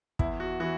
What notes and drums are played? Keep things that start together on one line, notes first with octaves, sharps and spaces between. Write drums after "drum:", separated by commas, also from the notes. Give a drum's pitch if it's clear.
E2 E4, drum: kick
F#4
E3 F#4